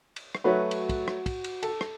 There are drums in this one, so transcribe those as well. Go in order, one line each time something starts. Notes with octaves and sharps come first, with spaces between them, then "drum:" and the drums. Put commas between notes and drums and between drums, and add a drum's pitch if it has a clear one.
drum: cymbal
drum: rim click
F#3 A3 F#4 B4
drum: cymbal
drum: kick, cymbal
drum: rim click
drum: kick, cymbal
drum: cymbal
A4, drum: cymbal
drum: rim click